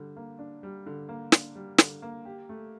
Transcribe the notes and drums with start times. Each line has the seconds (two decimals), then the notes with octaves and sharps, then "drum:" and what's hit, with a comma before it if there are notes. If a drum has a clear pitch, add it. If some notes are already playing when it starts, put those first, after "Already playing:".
Already playing: D3 G3
0.17 A#3
0.39 D4
0.63 G3
0.86 D3
1.09 A#3
1.32 D4, drum: snare
1.55 G3
1.78 D3, drum: snare
2.02 A#3
2.25 G4
2.49 A3